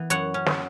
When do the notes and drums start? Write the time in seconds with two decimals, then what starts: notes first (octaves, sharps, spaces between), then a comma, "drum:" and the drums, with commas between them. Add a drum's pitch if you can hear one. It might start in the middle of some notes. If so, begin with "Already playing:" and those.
Already playing: E3 B3
0.10 F#2 C#5 F#5, drum: hi-hat
0.34 C#4
0.46 drum: snare